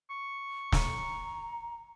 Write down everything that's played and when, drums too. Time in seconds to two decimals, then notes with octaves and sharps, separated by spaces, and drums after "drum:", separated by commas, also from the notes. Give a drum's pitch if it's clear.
0.10 C#6
0.72 A#5, drum: snare